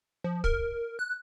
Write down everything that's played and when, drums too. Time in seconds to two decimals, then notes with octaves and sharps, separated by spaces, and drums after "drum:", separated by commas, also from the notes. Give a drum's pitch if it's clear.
0.24 F3
0.44 A#4, drum: kick
0.99 F#6